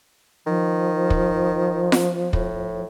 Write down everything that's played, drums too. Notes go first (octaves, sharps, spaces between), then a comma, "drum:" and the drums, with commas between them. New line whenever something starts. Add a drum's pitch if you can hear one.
D#3 F3
drum: kick
drum: snare F4
A2, drum: kick